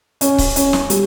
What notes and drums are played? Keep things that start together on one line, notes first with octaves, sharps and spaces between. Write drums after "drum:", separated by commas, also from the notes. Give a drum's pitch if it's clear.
C#4, drum: hi-hat
drum: kick C#1, open hi-hat
C#4, drum: hi-hat
drum: snare
G3, drum: hi-hat